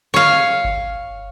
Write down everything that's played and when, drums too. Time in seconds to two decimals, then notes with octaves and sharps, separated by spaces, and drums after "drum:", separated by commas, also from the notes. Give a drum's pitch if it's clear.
0.14 C#5 F5
0.64 drum: kick G1